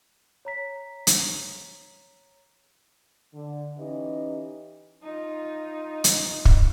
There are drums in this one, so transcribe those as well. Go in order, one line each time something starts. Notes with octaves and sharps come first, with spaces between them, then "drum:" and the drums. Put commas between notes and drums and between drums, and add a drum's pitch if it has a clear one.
C#5 A#5 B6
drum: hi-hat
D3
E3 C#4 D#4 G4 D#5
D#4 F4
drum: hi-hat
drum: kick